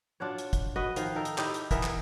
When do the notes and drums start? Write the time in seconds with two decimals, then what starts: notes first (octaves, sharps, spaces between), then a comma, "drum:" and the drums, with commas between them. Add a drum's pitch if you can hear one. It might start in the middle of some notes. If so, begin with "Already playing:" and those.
0.20 D4 F4 F#4 C#5
0.38 drum: hi-hat
0.53 drum: kick, hi-hat
0.76 F#4 B4 D#5
0.96 D#3 F3 F5, drum: hi-hat
1.16 D#4 A4 A#4
1.25 drum: hi-hat
1.38 D#4 E4 G4, drum: clap
1.54 drum: hi-hat
1.71 E3 B3 A#4 E5, drum: kick, hi-hat
1.83 drum: clap